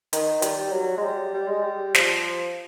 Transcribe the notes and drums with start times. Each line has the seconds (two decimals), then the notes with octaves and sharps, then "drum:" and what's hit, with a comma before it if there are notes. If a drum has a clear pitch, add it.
0.13 D#3, drum: hi-hat
0.42 G3, drum: hi-hat
0.72 F#3
0.98 G#3
1.04 G3
1.34 G3
1.47 G#3
1.62 G3
1.94 F3, drum: snare